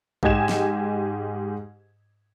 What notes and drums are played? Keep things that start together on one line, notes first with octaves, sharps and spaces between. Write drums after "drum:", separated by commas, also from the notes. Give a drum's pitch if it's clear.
G#2 G4 D#5 G#5 G#6 E7, drum: kick A#1
drum: snare